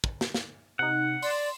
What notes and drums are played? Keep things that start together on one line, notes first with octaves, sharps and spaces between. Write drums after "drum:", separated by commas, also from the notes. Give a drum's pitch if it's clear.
drum: kick
drum: snare
drum: snare
C3 D#4 F#5
D5 C6 E7, drum: open hi-hat